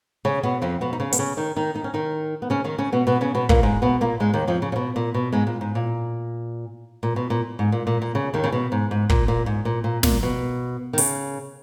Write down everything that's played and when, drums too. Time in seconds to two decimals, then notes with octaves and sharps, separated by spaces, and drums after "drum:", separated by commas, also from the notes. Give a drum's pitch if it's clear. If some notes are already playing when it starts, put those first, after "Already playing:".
0.25 C#3 C#4
0.43 B2 B3
0.62 F2 F3
0.81 B2 B3
0.93 D#4
1.00 C#3 C#4
1.12 B3, drum: hi-hat
1.19 C#3 C#4
1.37 D#3 D#4
1.56 D#3 D#4
1.75 D#3 D#4
1.84 C#4
1.94 D#3 D#4
2.42 B3
2.50 C#3 C#4
2.64 D#3 D#4
2.78 C#3 C#4
2.92 B2 B3
3.07 B2 B3
3.21 C#3 C#4
3.35 B2 B3
3.49 A#2 A#3, drum: kick
3.63 G#2 G#3
3.82 B2 B3
4.01 A#2 A#3
4.20 G#2 G#3
4.34 D#2 D#3
4.47 F2 F3
4.62 C#3
4.72 C#3
4.76 B2
4.96 A#2
5.14 B2
5.32 G#2 G#3
5.47 A#2
5.61 G#2
5.75 A#2
7.03 A#2
7.16 B2
7.30 A#2
7.59 G#2
7.72 A#2
7.87 A#2
8.02 A#2
8.15 C#3
8.34 D#2 D#3
8.44 C#3
8.52 B2
8.72 G#2
8.91 G#2
9.09 A#2, drum: kick
9.28 A#2
9.46 G#2
9.65 A#2
9.84 A#2
10.03 A#2, drum: snare
10.23 B2
10.93 D#3
10.98 C#3, drum: open hi-hat